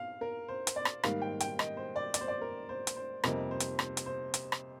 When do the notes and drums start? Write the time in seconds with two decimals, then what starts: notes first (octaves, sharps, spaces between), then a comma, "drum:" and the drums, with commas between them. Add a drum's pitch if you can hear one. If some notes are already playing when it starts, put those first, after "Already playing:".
Already playing: F5
0.21 A#4
0.48 C5
0.67 drum: hi-hat
0.76 D5
0.85 drum: rim click
1.03 G#2 D#3 G3 A#3 F5, drum: rim click
1.22 G5
1.40 G5, drum: hi-hat
1.59 D#5, drum: rim click
1.77 C5
1.96 D5
2.14 D5, drum: hi-hat
2.21 C5
2.28 D5
2.41 A#4
2.69 C5
2.87 drum: hi-hat
2.96 C5
3.24 F2 C3 G3 A#3 D#4 A#4, drum: rim click
3.51 C5
3.60 drum: hi-hat
3.79 C5, drum: rim click
3.97 drum: hi-hat
4.06 C5
4.34 drum: hi-hat
4.52 drum: rim click